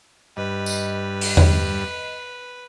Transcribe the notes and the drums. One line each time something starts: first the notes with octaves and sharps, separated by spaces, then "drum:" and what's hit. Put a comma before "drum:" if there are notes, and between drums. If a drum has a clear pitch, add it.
G2 B4 D#5
drum: tambourine
drum: open hi-hat
drum: tom E2